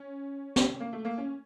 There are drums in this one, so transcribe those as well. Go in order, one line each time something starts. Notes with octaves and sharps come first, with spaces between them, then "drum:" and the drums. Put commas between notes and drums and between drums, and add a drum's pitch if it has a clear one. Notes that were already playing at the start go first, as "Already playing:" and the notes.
Already playing: C#4
drum: snare
A#3
A3
A#3
C#4